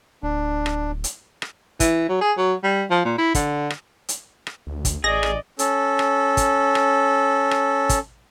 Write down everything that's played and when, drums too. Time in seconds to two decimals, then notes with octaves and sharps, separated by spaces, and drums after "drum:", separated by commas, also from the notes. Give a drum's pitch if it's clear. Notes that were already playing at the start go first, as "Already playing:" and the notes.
0.23 D1 D4
0.66 drum: rim click
1.04 drum: hi-hat
1.42 drum: rim click
1.80 E3, drum: kick, hi-hat
2.09 F#3
2.21 G#4
2.37 F#3
2.63 G3
2.90 F3
3.05 A#2
3.18 E4
3.35 D3, drum: kick, hi-hat
3.70 drum: rim click
4.09 drum: hi-hat
4.47 drum: rim click
4.67 D2
4.85 drum: kick, hi-hat
5.04 A1 G#4 D5 D#5 A#6
5.23 drum: rim click
5.59 C#4 A4, drum: hi-hat
5.99 drum: rim click
6.37 drum: kick, hi-hat
6.75 drum: rim click
7.51 drum: rim click
7.89 drum: kick, hi-hat